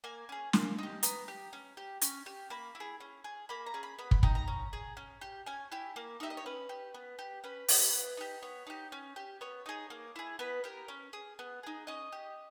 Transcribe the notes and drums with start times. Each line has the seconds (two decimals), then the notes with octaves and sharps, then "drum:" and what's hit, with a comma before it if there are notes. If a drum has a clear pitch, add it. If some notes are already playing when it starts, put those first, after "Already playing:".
0.04 A#3 G#5
0.29 C#4 G#4
0.53 A#3, drum: snare
0.78 D#4 G4
1.03 B3 A#5, drum: hi-hat
1.28 G4
1.53 C#4
1.77 G4
2.02 C#4, drum: hi-hat
2.26 G4
2.50 A#3 B5
2.75 E4
2.80 G#4
3.00 C#4
3.24 G#4
3.49 A#3 B5
3.66 A#5
3.74 C#4 G#4
3.83 B5
3.99 B3 B5
4.11 B5, drum: kick
4.23 D#4 G4 A#5, drum: kick
4.35 A#5
4.48 C#4
4.73 G#4
4.97 C#4
5.21 G4
5.46 C#4 G#5
5.72 E4 G4
5.96 A#3
6.20 D#4 G4 E5
6.30 D#5
6.37 C#5
6.46 C#4 B4
6.69 G4
6.94 B3
7.19 G4
7.44 C#4 B4
7.68 E4 G4, drum: open hi-hat
7.93 B3
8.17 D#4 G4
8.42 B3 C#5
8.67 D#4 G4
8.92 C#4
9.16 G4
9.41 B3 C#5
9.66 D#4 G#4
9.90 A#3
10.16 E4 G#4
10.39 B3 B4
10.64 G4 A#4
10.88 C#4
11.13 G#4
11.39 B3
11.63 D#4 G#4
11.87 C#4 D#5
12.12 G4